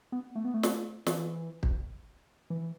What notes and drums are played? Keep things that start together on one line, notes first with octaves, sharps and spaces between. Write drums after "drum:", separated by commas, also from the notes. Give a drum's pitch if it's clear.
B3
A3
B3
A3
drum: snare
E3, drum: snare
drum: kick
E3